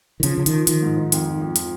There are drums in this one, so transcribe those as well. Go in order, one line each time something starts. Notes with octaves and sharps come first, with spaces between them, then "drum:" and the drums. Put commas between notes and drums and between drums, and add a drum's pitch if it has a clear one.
D#3
C#3 F3, drum: hi-hat
C#3 F3
D#3, drum: hi-hat
F3
D#3 F3, drum: hi-hat
G#2
G#2
F2, drum: hi-hat
F3
F2
F3, drum: hi-hat